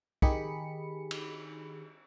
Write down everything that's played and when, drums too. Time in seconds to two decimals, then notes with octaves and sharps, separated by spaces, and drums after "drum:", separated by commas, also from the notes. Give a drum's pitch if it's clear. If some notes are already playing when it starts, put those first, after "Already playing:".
0.22 D#3 D#4 G4 G#4 B5 C#7, drum: kick
1.11 drum: cymbal